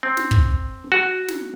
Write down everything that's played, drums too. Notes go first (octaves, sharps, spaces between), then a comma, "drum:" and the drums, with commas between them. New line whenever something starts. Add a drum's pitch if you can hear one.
C4
drum: snare
drum: kick
F#4
drum: snare